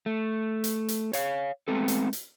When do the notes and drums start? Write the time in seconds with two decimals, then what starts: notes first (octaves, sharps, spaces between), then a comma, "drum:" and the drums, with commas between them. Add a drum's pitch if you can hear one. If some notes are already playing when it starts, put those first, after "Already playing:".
0.06 A3
0.64 drum: hi-hat
0.89 drum: hi-hat
1.13 C#5 F5, drum: hi-hat
1.68 G#3 A3 B3 C4 A4
1.88 drum: hi-hat
2.13 drum: hi-hat